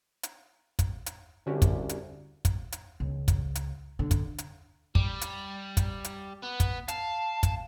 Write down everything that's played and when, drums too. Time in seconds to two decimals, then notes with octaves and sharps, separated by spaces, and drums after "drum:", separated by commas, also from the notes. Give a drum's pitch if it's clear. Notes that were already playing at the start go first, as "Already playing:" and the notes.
0.23 drum: hi-hat
0.79 drum: kick, hi-hat
1.06 drum: hi-hat
1.47 C2 D3 C#4 F#4 G4
1.62 drum: kick, hi-hat
1.89 drum: hi-hat
2.45 drum: kick, hi-hat
2.72 drum: hi-hat
3.00 C#2
3.28 drum: kick, hi-hat
3.55 drum: hi-hat
3.99 D3
4.11 drum: kick, hi-hat
4.38 drum: hi-hat
4.95 G3, drum: kick
5.21 drum: hi-hat
5.77 drum: kick, hi-hat
6.04 drum: hi-hat
6.43 B3
6.60 drum: kick, hi-hat
6.88 F5 A5, drum: hi-hat
7.43 drum: kick, hi-hat